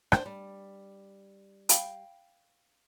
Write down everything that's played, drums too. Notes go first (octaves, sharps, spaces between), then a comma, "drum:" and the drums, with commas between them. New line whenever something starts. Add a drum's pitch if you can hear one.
D4 C5, drum: rim click
G3
F5 G5 B5, drum: hi-hat